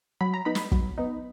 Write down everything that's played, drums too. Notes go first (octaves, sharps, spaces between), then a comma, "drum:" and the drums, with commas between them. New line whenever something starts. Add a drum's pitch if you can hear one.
F#3 B5
A#5
B3 D#4 B5
drum: snare
F#3, drum: kick
B3 D#4